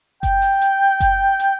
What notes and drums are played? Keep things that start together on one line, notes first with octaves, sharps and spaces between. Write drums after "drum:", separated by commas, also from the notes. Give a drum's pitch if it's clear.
G5, drum: kick F#1, hi-hat
drum: open hi-hat
drum: hi-hat
drum: kick F#1, hi-hat
drum: hi-hat